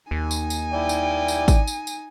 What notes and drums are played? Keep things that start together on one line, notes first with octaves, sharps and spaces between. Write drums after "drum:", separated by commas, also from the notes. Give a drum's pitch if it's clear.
D#2 D#4 G#5
drum: tambourine
drum: tambourine
E4 D5 G5
drum: tambourine
drum: tambourine
drum: kick G#1, tambourine
drum: tambourine
drum: tambourine